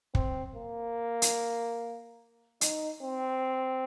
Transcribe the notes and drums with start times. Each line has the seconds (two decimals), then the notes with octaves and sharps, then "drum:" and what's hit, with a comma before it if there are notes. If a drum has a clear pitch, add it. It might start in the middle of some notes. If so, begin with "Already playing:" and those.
0.15 C4, drum: kick
0.55 A#3
1.22 drum: hi-hat
2.61 D#4, drum: hi-hat
3.02 C4